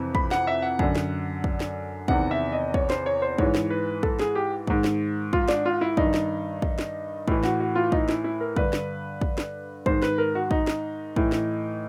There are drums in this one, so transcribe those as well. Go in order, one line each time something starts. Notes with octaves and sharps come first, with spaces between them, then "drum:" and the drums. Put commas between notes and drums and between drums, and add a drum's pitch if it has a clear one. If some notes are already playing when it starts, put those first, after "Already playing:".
Already playing: F2 C3 E3
B5, drum: kick
F#5, drum: snare
E5
F#5
F#2 D3, drum: kick
drum: snare
drum: kick
drum: snare
E2 C3 D#3 F#5, drum: kick
E5
D#5
C#5, drum: kick
C5, drum: snare
C#5
C5
G#2 E3 C#5, drum: kick
drum: snare
B4
A4, drum: kick
G#4, drum: snare
G4
G#2 D#3, drum: kick
drum: snare
F4, drum: kick
D4, drum: snare
F4
E4
G2 D#3 D#4, drum: kick
drum: snare
drum: kick
drum: snare
A2 E3, drum: kick
F#4, drum: snare
F#4
F4
D#4, drum: kick
E4, drum: snare
E4
A#4
G2 D3 B4, drum: kick
drum: snare
drum: kick
drum: snare
G#2 D#3 C5, drum: kick
B4, drum: snare
A#4
F#4
D#4, drum: kick
drum: snare
A2 E3, drum: kick
drum: snare